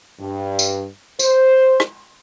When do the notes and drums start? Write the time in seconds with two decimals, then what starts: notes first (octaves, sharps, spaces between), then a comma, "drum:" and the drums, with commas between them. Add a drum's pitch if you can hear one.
0.20 G2
0.59 drum: tambourine
1.19 C5, drum: tambourine
1.80 drum: rim click